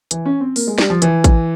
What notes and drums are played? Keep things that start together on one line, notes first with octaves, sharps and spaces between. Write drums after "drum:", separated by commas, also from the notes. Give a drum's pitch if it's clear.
E3, drum: hi-hat
C#4
C4
A#3, drum: open hi-hat
G#3
G3, drum: snare
F3
E3, drum: hi-hat
drum: kick, hi-hat